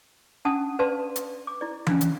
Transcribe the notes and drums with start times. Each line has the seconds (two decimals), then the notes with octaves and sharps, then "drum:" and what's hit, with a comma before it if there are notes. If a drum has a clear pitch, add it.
0.45 C#4 D4 F#5 A5 D#6
0.79 B4 D5 F5 A5 C6
1.16 drum: hi-hat
1.47 D6
1.61 E4 D5
1.87 C#4 D4 F5, drum: tom E3
2.01 drum: hi-hat